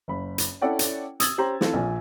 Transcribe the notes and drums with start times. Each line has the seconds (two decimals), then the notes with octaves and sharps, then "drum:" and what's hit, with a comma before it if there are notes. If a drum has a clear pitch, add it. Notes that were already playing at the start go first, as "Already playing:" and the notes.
0.08 F#1 B5
0.38 drum: hi-hat
0.62 C#4 E4 A4 D5 F#5 G5
0.79 drum: hi-hat
1.20 D#6 E6 G#6 A6 F#7, drum: hi-hat
1.38 C#4 G4 C5 A#5 C6
1.61 E3 C4 F4 A4, drum: snare
1.73 A#1 A#2 G#5